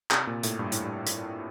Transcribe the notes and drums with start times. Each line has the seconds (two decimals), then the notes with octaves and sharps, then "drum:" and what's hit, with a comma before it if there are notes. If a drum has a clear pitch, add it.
0.11 C3, drum: clap
0.27 A#2
0.43 A2, drum: hi-hat
0.59 G2
0.72 A2, drum: hi-hat
0.84 G2
1.07 drum: hi-hat